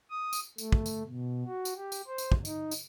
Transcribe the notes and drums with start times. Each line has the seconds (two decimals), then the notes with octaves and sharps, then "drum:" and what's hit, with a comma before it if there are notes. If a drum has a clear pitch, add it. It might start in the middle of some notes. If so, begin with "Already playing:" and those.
0.10 D#6
0.33 drum: tambourine
0.58 A3, drum: tambourine
0.72 drum: kick
0.86 drum: tambourine
1.06 B2
1.45 F#4
1.65 drum: tambourine
1.76 G4
1.92 drum: tambourine
2.08 C5
2.18 drum: tambourine
2.32 drum: kick
2.45 D#4, drum: tambourine
2.71 drum: tambourine